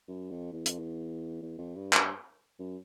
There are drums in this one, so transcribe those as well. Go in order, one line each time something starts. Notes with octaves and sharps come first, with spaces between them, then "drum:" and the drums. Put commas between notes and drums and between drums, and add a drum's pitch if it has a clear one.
F#2
F2
E2
F2, drum: hi-hat
E2
E2
F2
G2
G2, drum: clap
F#2